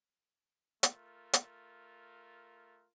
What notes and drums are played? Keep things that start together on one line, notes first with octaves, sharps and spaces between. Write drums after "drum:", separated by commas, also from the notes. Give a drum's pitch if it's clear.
A3 F4 A#4, drum: hi-hat
drum: hi-hat